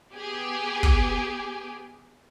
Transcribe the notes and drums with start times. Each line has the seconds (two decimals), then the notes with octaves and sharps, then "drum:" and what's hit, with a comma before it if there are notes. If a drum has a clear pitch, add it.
0.13 B3 G4 G#4
0.83 drum: kick